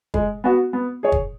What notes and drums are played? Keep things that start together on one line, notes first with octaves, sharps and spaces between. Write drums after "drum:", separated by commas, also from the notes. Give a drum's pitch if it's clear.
G#3, drum: kick
B3 F#4
B3
G#4 C#5
drum: kick